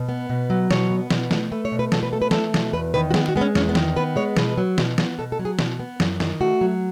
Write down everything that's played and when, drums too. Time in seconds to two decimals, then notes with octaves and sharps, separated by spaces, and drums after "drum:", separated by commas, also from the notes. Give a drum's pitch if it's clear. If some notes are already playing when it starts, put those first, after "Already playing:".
Already playing: B2
0.09 B3
0.30 B2
0.50 F#3
0.71 B2 C#5, drum: snare
0.91 B3
1.10 B2, drum: snare
1.31 A3, drum: snare
1.52 A3 B4
1.65 C#5
1.72 B2
1.79 B4
1.92 B2 A4, drum: snare
2.03 B4
2.13 A3 A4
2.22 B4
2.31 A3 A4, drum: snare
2.54 B2, drum: snare
2.73 E2 B4
2.94 D#3 B4
3.11 F#4
3.14 B3 G#4, drum: snare
3.29 F#4
3.36 G#3 B3
3.41 C#4
3.55 E2 C#4, drum: snare
3.69 B3
3.75 D#3, drum: snare
3.96 B3 B4
4.16 G#3 C#5
4.37 B2 B4, drum: snare
4.58 F#3
4.78 B2, drum: snare
4.98 B3, drum: snare
5.19 B2 A4
5.32 A4
5.39 F#3
5.45 G#4
5.59 B2, drum: snare
5.80 B3
6.00 F#2, drum: snare
6.20 D#3, drum: snare
6.41 A3 F#4
6.61 F#3